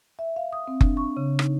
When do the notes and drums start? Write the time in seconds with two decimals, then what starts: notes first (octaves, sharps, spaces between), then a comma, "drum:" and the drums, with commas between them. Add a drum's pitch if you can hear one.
0.19 E5
0.36 F5
0.53 D#6
0.68 C4
0.81 D4, drum: kick F#1
0.97 C#6
1.17 C#3
1.39 D#4, drum: rim click